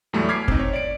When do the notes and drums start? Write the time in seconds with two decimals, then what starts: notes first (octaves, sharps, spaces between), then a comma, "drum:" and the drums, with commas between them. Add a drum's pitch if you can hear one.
0.13 E2 A2 F#3 G3 A3
0.29 D6 F6 G#6 B6 C7
0.48 C4 D#4, drum: kick
0.59 C#5
0.73 D5 D7